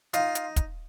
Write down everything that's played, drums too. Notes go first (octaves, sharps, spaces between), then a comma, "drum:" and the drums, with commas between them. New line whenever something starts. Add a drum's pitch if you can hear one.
D#4 F4, drum: hi-hat
drum: hi-hat
drum: kick, hi-hat